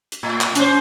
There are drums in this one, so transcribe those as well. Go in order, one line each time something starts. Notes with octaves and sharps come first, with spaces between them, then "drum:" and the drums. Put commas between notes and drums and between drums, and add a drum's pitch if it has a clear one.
drum: hi-hat
A2
drum: clap
C#4 C5, drum: hi-hat